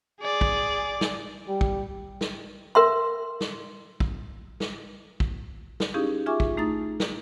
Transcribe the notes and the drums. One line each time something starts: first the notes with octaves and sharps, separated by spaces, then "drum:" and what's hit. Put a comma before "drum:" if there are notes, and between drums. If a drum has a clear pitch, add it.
G#4 D5
drum: kick
drum: snare
G3
drum: kick
drum: snare
A#4 E5 C6
drum: snare
drum: kick
drum: snare
drum: kick
drum: snare
C#4 D#4 E4 G4 G#4 F5
F4 G#4 E5 G#5 C#6 D6
drum: kick
A3 D#4 E4 A#5 D#6 A6
drum: snare